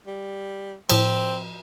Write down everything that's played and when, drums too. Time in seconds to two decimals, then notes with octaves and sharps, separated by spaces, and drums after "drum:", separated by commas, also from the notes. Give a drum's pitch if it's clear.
0.07 G3
0.89 A2 F3 C4, drum: cymbal